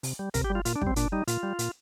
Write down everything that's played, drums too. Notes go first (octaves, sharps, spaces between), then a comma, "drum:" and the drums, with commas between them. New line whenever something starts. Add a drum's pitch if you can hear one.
C3, drum: open hi-hat
G3
C3 A#4, drum: kick, hi-hat
G4
G3
F4
A#2 F4, drum: hi-hat
D4
G3, drum: kick
C4
A#2 D4, drum: hi-hat
G3 D#4
A#2 F4, drum: hi-hat
G3
A#2, drum: hi-hat